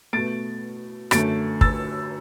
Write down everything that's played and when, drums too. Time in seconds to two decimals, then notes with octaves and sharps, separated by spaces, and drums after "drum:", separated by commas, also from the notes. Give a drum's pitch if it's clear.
0.13 B2 A3 A6 D7
1.11 F#2 D3 A3 A6 D7, drum: rim click
1.61 E6 A6, drum: kick